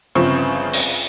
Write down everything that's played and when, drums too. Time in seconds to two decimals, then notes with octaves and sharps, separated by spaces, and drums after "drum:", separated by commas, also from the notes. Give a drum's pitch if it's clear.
0.15 G1 C#3 F3 C4 C#6
0.74 drum: open hi-hat